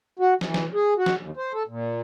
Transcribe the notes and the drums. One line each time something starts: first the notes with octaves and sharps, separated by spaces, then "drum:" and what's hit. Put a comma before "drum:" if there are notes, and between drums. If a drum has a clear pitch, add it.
F#4
E3, drum: snare
drum: snare
G#4
F#4
drum: snare
D#2
C5
A4
A#2